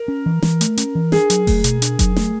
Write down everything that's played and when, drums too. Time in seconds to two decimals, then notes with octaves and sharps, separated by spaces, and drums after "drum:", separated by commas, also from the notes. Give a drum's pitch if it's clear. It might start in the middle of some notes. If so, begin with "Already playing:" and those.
Already playing: A#4
0.08 C#4
0.26 E3
0.42 E3, drum: snare
0.61 A3, drum: hi-hat
0.77 C#4, drum: hi-hat
0.95 E3
1.12 D4 G#4, drum: snare
1.30 F#3, drum: hi-hat
1.47 A3, drum: kick F1, open hi-hat
1.64 B2, drum: hi-hat
1.82 D4, drum: hi-hat
1.99 F#3, drum: kick F1, hi-hat
2.16 A3, drum: snare